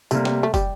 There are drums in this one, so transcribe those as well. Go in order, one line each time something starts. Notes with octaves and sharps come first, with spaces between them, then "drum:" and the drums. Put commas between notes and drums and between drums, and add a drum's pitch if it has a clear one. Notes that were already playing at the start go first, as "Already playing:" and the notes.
C3 G3 A3 A#3, drum: tambourine
drum: snare
A3
G3, drum: kick, tambourine